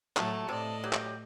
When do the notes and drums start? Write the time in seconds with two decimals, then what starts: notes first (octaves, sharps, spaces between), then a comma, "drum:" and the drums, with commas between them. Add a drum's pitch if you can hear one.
0.17 A2 F#3 A3 A5, drum: clap
0.49 A2 C3 D5 D#5
0.84 F#3 G4
0.93 drum: clap